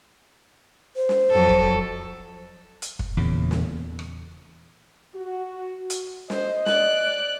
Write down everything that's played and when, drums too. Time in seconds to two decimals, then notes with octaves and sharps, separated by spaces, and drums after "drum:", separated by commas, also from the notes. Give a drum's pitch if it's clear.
0.96 C5
1.09 drum: snare
1.31 F2 F#3 A4
1.49 drum: kick
2.82 drum: hi-hat
2.99 drum: kick
3.17 E2 A#2 C#3
3.51 drum: snare
3.99 drum: rim click
5.15 F#4
5.90 drum: hi-hat
6.30 C5 D#5, drum: snare
6.66 D5 F#6, drum: snare